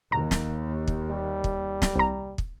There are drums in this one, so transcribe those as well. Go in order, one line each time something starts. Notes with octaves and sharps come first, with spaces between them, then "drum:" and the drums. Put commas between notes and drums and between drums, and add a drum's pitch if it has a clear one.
D#2 A#5
drum: snare
drum: kick
G3
drum: kick
drum: snare
C2 A#5
drum: kick